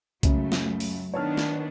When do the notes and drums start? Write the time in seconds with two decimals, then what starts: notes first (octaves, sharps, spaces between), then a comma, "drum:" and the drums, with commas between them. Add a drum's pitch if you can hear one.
0.23 C#2 F#2 C#3 F#3 A3, drum: kick, hi-hat
0.52 drum: snare
0.80 drum: open hi-hat
1.14 D#3 B3 D4 C#5 A5 F6
1.37 drum: snare